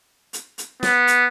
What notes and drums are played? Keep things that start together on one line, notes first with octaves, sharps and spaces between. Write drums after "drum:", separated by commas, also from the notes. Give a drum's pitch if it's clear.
drum: hi-hat
drum: hi-hat
B3, drum: snare
drum: hi-hat